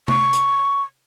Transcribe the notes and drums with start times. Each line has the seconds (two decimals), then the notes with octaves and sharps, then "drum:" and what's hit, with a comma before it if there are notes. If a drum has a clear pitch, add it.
0.08 C#6, drum: tom
0.33 drum: hi-hat